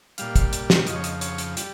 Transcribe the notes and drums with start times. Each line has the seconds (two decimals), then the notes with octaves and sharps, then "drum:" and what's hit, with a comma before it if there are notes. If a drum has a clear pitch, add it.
0.18 A#2 G3 F5, drum: hi-hat
0.36 drum: kick, hi-hat
0.53 drum: hi-hat
0.70 drum: snare
0.87 F2 C#3 F3 D#5, drum: hi-hat
0.96 C#5
1.04 D#5, drum: hi-hat
1.21 C#5, drum: hi-hat
1.38 drum: hi-hat
1.57 G3, drum: hi-hat